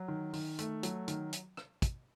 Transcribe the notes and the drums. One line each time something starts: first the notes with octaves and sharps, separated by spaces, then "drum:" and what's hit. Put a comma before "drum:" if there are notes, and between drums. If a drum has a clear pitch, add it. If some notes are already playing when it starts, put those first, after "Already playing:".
Already playing: F#3
D#3
D#3, drum: open hi-hat
A3, drum: hi-hat
F#3, drum: hi-hat
D#3, drum: hi-hat
drum: hi-hat
drum: rim click
drum: kick, hi-hat